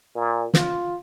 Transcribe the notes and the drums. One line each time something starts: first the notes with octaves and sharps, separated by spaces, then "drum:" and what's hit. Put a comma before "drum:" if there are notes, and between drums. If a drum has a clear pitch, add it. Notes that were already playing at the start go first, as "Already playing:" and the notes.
A#2
F4, drum: snare